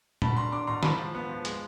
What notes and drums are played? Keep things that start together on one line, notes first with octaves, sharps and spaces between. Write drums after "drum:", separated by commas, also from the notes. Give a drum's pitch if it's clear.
B2 A5 B5, drum: tom A#2
D4 A#5 C6
D4 C6 D6
B2 A#5 C6
G#3 A5 B5, drum: snare
F3
B3
F3
G#3, drum: hi-hat